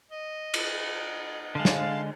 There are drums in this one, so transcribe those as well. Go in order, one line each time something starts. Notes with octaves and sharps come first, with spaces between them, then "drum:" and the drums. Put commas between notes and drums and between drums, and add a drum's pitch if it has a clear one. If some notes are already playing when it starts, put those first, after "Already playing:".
D#5
drum: cymbal
D3 G#3 F5 A5
drum: snare